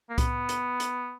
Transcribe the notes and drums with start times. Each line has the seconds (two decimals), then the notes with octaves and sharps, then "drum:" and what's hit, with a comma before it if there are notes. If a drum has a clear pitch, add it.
0.10 A#3
0.18 B3, drum: kick C2, hi-hat
0.49 drum: hi-hat
0.80 drum: hi-hat